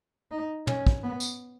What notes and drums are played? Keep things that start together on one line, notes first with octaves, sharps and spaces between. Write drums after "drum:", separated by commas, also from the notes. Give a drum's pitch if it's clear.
D#4
C#4, drum: tom
drum: kick
B3
drum: tambourine